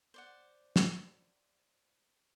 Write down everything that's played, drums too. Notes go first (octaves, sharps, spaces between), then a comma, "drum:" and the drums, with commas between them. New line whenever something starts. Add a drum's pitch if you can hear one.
C5 D5 F#5
drum: snare